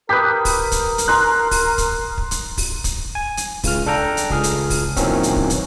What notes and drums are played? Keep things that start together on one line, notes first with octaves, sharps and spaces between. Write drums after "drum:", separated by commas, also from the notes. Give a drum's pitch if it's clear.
G4 A#4 B4 D#6 B6
drum: kick, open hi-hat
drum: kick, hi-hat
drum: hi-hat
A#5 C6 F#6
drum: kick, open hi-hat
drum: kick, hi-hat
drum: kick
drum: hi-hat
drum: kick, open hi-hat
drum: kick, hi-hat
G#5
drum: hi-hat
C#2 C#3 F6, drum: kick, open hi-hat
D4 A4 G5 A#5
drum: hi-hat
C#2 G#4 F6, drum: kick
drum: hi-hat
drum: kick, open hi-hat
A#2 D#3 E3 F#3 C4 C#4, drum: kick, hi-hat
drum: hi-hat
drum: kick
drum: hi-hat